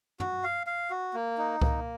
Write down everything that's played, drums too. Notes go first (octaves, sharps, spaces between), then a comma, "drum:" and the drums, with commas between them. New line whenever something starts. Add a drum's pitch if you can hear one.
F#4, drum: tom
F5
F5
F#4
A#3
D#4
A#3, drum: kick C2